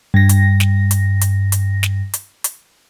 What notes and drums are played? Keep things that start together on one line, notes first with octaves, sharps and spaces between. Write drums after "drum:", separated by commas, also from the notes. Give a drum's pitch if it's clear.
G2 A#6
drum: hi-hat
drum: snare
drum: hi-hat
drum: hi-hat
drum: hi-hat
drum: snare
drum: hi-hat
drum: hi-hat